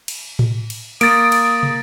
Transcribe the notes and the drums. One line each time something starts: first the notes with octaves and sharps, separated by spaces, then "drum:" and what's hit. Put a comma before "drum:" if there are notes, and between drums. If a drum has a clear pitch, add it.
drum: cymbal
drum: tom A2
drum: cymbal
A#3 D#6 A6 D7, drum: cymbal
drum: cymbal
drum: tom